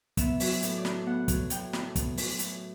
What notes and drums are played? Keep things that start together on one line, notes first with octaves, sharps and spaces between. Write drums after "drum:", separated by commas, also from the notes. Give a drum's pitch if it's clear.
B3 E5, drum: kick, hi-hat
F#3, drum: open hi-hat
E5
A2, drum: hi-hat
D5
D4, drum: snare
B3 F#5
F#3, drum: kick, hi-hat
A2 G5, drum: hi-hat
D4, drum: snare
B3, drum: kick, hi-hat
F#3, drum: open hi-hat
A2, drum: hi-hat